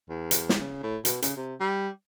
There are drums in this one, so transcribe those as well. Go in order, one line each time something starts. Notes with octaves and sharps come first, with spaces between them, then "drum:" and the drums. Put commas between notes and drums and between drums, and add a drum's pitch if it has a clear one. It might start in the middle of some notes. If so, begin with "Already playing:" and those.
E2
drum: hi-hat
drum: snare
C#3
A2
B2, drum: hi-hat
C#3, drum: hi-hat
C3
G3